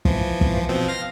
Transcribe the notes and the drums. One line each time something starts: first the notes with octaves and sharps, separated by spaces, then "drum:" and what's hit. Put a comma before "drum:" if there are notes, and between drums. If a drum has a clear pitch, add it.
E3 F3, drum: kick
drum: kick
B2 F3 C4
F5 A#6